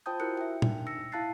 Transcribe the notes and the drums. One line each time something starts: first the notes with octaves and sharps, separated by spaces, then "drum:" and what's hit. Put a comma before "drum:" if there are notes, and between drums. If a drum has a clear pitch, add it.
F4 C5 G5 A5 D#6 G6
E4 F#4 A#4 F#6 C#7
E5 G5
D4 D#4, drum: tom
E6 A#6 C#7
E4 F5 A5 F#6 A6 C7